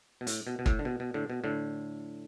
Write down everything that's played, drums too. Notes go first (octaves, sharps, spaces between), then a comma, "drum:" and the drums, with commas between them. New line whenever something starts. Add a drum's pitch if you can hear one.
B2
A2, drum: hi-hat
B2
B2
A2, drum: kick
D3
B2
B2
A2 D3
B2
A2 D3